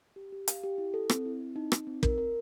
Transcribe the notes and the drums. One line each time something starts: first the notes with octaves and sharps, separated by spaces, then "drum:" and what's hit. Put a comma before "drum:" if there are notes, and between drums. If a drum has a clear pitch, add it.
G4
G4
F5, drum: hi-hat
G4
E4
A4
C4, drum: rim click
E4
C4
D#4
D#4, drum: rim click
C4
A#4, drum: kick
A#4